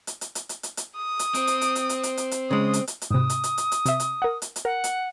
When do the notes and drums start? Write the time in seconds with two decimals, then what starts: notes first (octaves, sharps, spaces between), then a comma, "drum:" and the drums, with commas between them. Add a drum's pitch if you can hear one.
0.07 drum: hi-hat
0.21 drum: hi-hat
0.35 drum: hi-hat
0.49 drum: hi-hat
0.63 drum: hi-hat
0.77 drum: hi-hat
0.97 D#6
1.19 drum: hi-hat
1.34 C4, drum: hi-hat
1.47 drum: hi-hat
1.61 drum: hi-hat
1.75 drum: hi-hat
1.89 drum: hi-hat
2.03 drum: hi-hat
2.17 drum: hi-hat
2.31 drum: hi-hat
2.51 C#3 G#3 D#6
2.73 drum: hi-hat
2.87 drum: hi-hat
3.01 drum: hi-hat
3.10 G#2 C3 D#6
3.30 drum: hi-hat
3.44 drum: hi-hat
3.58 drum: hi-hat
3.72 drum: hi-hat
3.86 C3 E5, drum: hi-hat
4.00 drum: hi-hat
4.22 A#4 F#5
4.42 drum: hi-hat
4.56 drum: hi-hat
4.65 A#4 F#5
4.84 drum: hi-hat